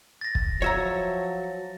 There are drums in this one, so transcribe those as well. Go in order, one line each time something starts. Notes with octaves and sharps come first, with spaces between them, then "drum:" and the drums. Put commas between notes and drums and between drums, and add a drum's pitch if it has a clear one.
A6 A#6
drum: kick
F3 F#3 C#5 E5 A#5